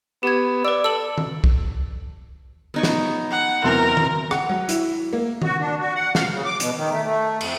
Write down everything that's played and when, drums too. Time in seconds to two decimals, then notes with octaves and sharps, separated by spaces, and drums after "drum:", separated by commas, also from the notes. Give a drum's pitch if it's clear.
0.23 B3 G4 G#6
0.65 B4 D5 E6
0.84 A4 E6 F#7
1.18 drum: tom D#3
1.44 drum: kick
2.74 B3 D#4 C#5
2.83 drum: snare
3.31 F#5
3.64 E2 C3 F#3 A#4
3.97 drum: tom D#3
4.31 F#5, drum: rim click
4.49 F#3
4.69 E4, drum: hi-hat
5.13 A#3
5.42 F#4, drum: tom D#3
5.60 D4
5.80 F#4
5.95 F#5
6.15 F5, drum: snare
6.32 C#3
6.45 D6
6.60 B2, drum: hi-hat
6.77 D#3
6.91 A3
7.05 A3
7.41 F2, drum: cymbal